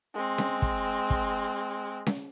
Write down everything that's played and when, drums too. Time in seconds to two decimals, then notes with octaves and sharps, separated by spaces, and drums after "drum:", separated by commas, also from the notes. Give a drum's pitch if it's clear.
0.14 G#3 C4
0.38 drum: snare C#4
0.62 drum: kick
1.10 drum: kick
2.06 drum: snare C#4